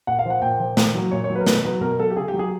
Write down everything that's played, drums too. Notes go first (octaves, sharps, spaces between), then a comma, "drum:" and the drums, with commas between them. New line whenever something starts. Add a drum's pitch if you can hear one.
A#2 F#5
F5
F3 F#5
A#2 G5
F3
A#2, drum: snare
F#3
A#2 C#5
C#5
F#3
B4
A#4
B2 B4, drum: snare
F#3 B4
B2 A#4
F#3 A4
G4
C#3 G#4
G4
F#3
G#4